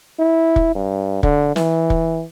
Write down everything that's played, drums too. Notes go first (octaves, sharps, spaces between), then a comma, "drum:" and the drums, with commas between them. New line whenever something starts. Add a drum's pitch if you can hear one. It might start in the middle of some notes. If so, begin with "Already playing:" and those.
E4
drum: kick
G2
D3, drum: kick
E3, drum: snare
drum: kick